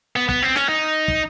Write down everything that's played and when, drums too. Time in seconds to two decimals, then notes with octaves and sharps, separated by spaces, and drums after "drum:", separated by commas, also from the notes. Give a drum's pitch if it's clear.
0.16 B3
0.29 B3, drum: kick
0.42 C4
0.56 C#4, drum: snare
0.69 D#4
1.08 drum: kick